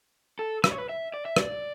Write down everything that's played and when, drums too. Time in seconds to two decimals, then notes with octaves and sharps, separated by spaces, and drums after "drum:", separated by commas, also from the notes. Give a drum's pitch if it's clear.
0.39 A4
0.64 B4, drum: rim click
0.71 C#5
0.78 B4
0.89 E5
1.14 D5
1.26 E5
1.37 D5, drum: rim click